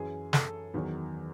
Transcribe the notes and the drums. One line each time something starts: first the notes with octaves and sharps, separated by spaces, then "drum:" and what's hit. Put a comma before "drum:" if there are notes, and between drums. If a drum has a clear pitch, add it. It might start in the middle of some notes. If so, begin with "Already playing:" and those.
Already playing: F#2 E3 G#4
A4, drum: snare
E2 D#3 F#3